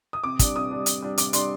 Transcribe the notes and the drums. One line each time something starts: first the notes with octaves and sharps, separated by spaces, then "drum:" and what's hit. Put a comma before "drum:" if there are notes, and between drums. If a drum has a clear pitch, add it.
D#6
C3 D6
G3 D4, drum: kick, hi-hat
C3 D#6
G3 D4
C3, drum: hi-hat
G3 D4
C3 D6, drum: hi-hat
G3 D4 C6, drum: hi-hat